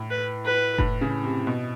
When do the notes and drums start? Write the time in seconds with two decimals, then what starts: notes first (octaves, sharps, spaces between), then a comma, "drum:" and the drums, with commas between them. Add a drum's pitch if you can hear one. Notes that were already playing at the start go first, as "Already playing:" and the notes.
Already playing: A2
0.10 B4
0.45 B4
0.78 A2, drum: kick F1
1.01 C#3
1.24 C3
1.47 B2